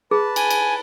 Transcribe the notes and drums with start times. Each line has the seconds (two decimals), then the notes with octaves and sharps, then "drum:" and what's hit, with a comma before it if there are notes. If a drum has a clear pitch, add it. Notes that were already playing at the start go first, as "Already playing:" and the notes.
0.11 G#4 B4 A5
0.36 G#5, drum: cymbal
0.50 drum: cymbal